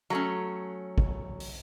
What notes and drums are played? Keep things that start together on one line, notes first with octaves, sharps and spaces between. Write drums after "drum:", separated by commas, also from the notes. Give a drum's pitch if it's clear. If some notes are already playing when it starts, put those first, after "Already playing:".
F#3 A3 C#4
drum: kick
drum: open hi-hat